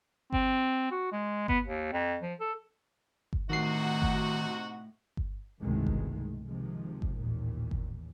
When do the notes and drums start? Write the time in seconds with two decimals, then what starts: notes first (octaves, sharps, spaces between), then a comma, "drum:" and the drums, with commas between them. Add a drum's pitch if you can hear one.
0.33 C4, drum: kick G1
0.91 F#4
1.12 G#3
1.48 B3, drum: kick G1
1.65 D#2
1.92 F2
2.22 F3
2.40 A4
3.33 drum: kick G1
3.50 A2 C3 D#3 D#4 F#4 C7
4.02 drum: kick G1
5.17 drum: kick G1
5.60 G1 C2 B2 D#3 G#3 A3
5.87 drum: kick G1
6.46 C3 D#3 F3 G#3
7.02 drum: kick G1
7.17 A1 D#2 A#2
7.71 drum: kick G1